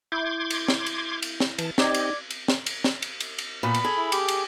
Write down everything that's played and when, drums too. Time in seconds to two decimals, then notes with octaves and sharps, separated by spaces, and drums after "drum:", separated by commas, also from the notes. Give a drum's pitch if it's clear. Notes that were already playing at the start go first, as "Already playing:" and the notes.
0.12 E4 C6 D6 G6 G#6
0.50 drum: cymbal
0.68 drum: snare
0.86 drum: cymbal
1.22 drum: cymbal
1.40 drum: snare
1.58 E3 A5, drum: cymbal
1.78 C4 D#4 G4 D5 D#5 D6 G#6, drum: snare
1.94 drum: cymbal
2.30 drum: cymbal
2.48 drum: snare
2.66 drum: cymbal
2.84 drum: snare
3.02 drum: cymbal
3.20 drum: cymbal
3.38 drum: cymbal
3.63 A#2 B3 B5
3.74 drum: cymbal
3.85 G#4 A4
3.97 E4
4.12 G4, drum: cymbal
4.28 drum: cymbal